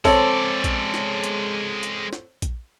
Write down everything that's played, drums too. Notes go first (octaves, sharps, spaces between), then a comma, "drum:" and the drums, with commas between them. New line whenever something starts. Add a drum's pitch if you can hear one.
G#3 C4 A4 C#5 D5, drum: kick A#1, open hi-hat
drum: kick A#1, hi-hat
drum: snare
drum: hi-hat
drum: hi-hat
drum: snare
drum: kick A#1, hi-hat